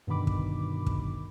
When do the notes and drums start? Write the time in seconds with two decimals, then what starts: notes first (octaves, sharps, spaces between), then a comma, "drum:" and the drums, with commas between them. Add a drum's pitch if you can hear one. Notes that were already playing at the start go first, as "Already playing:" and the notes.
0.07 G2 B2 D3 D#3 B5 D6
0.27 drum: kick
0.87 drum: kick